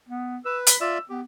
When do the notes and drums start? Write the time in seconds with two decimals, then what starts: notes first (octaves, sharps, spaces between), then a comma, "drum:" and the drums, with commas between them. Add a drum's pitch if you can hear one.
0.09 B3
0.45 B4 E6
0.67 B5, drum: hi-hat
0.81 F4 D5 E5 E6
1.10 B3 G4